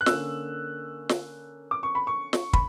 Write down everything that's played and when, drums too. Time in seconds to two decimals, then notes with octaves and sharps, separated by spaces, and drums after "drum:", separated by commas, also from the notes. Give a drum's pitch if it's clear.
0.01 F#6
0.06 D3 A#3 C#4 E6, drum: snare
1.09 drum: snare
1.71 D6
1.83 C#6
1.95 B5
2.07 C#6
2.33 drum: snare
2.53 B5, drum: kick